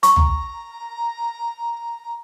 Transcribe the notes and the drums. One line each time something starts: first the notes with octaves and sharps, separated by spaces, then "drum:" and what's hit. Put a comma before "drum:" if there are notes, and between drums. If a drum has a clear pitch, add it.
A#5 C#6, drum: hi-hat
drum: tom